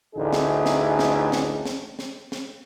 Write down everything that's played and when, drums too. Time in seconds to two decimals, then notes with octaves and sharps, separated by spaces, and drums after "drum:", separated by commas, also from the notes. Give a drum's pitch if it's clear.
0.16 A1 D2 D4 D#4 G#4
0.33 drum: snare
0.66 drum: snare
0.99 drum: snare
1.32 drum: snare
1.65 drum: snare
1.99 drum: snare
2.32 drum: snare